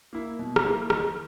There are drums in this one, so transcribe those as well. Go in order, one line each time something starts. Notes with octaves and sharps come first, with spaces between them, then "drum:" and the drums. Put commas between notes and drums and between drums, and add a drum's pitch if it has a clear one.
A#3 E4
B2
drum: rim click
A#3 E4
D#3, drum: rim click